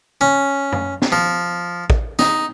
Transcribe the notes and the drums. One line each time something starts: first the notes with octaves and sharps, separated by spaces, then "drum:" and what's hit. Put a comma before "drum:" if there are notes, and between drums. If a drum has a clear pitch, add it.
C#4
drum: tom
drum: snare
F3
drum: kick
D#4, drum: snare